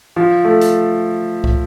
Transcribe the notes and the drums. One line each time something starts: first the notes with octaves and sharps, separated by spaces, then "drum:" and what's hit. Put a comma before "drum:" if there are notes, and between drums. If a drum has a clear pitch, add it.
F3
A3
drum: hi-hat
drum: kick